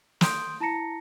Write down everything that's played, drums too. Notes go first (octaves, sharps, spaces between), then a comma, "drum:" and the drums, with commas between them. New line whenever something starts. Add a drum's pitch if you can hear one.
C6 D#6 G6 D7, drum: snare
E4 A5 A#5 A#6 C#7